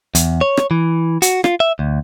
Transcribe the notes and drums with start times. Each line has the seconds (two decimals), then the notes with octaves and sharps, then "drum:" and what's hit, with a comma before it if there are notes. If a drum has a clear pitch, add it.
0.15 E2, drum: hi-hat
0.41 C#5
0.57 drum: rim click
0.71 E3
1.22 F#4, drum: hi-hat
1.44 F4, drum: rim click
1.60 E5
1.79 D2